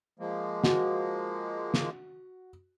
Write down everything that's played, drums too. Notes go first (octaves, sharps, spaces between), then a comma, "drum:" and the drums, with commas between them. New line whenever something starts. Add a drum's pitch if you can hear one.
F3 G#3 A#3
F#4, drum: snare
drum: snare